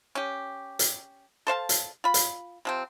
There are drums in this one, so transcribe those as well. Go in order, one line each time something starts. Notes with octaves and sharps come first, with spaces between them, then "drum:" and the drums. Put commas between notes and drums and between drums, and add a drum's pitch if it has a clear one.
C#4 G4
drum: hi-hat
A4 C5 F5 A5
drum: hi-hat
F4 B5
drum: hi-hat
C3 F3 C4